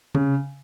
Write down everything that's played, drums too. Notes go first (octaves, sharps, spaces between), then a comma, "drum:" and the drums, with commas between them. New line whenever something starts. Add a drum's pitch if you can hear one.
C#3, drum: tom C3